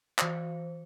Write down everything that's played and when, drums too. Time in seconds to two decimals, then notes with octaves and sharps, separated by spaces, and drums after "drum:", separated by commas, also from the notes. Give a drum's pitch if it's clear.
0.18 E3 C5, drum: clap